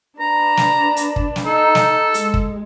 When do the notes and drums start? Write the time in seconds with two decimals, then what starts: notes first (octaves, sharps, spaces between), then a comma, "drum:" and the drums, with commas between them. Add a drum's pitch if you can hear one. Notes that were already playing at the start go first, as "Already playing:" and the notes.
0.20 D4 B4 A#5
0.57 drum: snare
0.97 drum: hi-hat
1.16 drum: kick
1.36 drum: snare
1.46 D#4 A4
1.75 drum: snare
2.14 G#3, drum: hi-hat
2.34 drum: kick